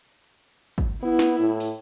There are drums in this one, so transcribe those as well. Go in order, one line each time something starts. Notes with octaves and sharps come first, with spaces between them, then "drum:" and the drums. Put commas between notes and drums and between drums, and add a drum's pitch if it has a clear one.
drum: kick
B3 E4
drum: snare
A2
drum: open hi-hat